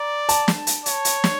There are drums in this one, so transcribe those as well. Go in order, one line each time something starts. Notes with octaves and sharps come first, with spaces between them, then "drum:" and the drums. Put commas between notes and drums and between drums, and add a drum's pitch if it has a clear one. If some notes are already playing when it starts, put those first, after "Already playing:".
Already playing: D5 A#5
A5, drum: hi-hat
drum: snare
drum: hi-hat
C#5, drum: hi-hat
drum: hi-hat
drum: snare